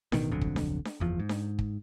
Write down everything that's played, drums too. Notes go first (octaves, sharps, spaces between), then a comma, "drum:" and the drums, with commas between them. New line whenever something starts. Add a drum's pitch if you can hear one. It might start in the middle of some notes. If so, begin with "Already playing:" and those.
A1 B2 D#3, drum: snare D4
D1 B1 F2 D3
drum: kick
drum: snare D4
drum: snare D4
F#1 E2 F3
G#2
drum: snare D4
drum: kick